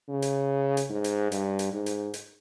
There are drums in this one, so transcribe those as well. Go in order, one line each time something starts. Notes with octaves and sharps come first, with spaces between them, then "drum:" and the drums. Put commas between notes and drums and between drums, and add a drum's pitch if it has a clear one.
C#3
drum: hi-hat
drum: hi-hat
G#2
drum: hi-hat
G2, drum: hi-hat
drum: hi-hat
G#2
drum: hi-hat
drum: hi-hat